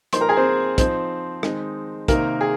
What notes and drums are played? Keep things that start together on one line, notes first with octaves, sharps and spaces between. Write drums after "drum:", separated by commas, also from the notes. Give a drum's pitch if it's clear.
F3 A#3 D#4 C5 C6, drum: hi-hat
A#4 A#5
G#4 G#5
C4 C5
F3 C4 D#4 C5, drum: kick, hi-hat
D#3 G#3 C4 D#4, drum: rim click
C3 D#3 A#3 C4 D#4 A#4, drum: kick, hi-hat
G#4